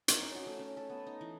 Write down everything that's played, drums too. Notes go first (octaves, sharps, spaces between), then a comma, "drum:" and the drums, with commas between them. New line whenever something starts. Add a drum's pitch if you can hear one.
D#4, drum: hi-hat
C#4
F#4
A3
C#4
A4
B3
D#4
E3